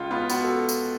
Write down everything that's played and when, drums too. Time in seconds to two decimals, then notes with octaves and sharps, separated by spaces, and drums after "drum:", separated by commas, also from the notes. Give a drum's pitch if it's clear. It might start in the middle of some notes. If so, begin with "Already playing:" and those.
Already playing: C#2 F4
0.11 B3 F4
0.30 B3 F#4, drum: tambourine
0.43 A4
0.69 drum: tambourine